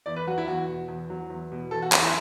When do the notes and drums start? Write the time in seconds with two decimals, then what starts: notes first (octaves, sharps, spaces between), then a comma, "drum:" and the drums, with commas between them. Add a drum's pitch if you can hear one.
0.06 E2 D5
0.16 B4
0.27 F#3 F#4
0.38 E4
0.48 E2 F#4
0.68 B2
0.88 E2
1.10 F#3
1.30 E2
1.52 B2
1.71 E2 A4
1.82 F#4
1.92 F#3, drum: clap
2.02 E4